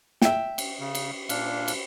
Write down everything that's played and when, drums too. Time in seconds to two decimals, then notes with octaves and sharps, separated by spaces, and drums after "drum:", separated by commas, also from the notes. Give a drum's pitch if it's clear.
0.22 E5 G5, drum: snare
0.58 drum: cymbal
0.80 C#3
0.95 drum: cymbal
1.29 A#2 D4 F5, drum: cymbal
1.68 drum: cymbal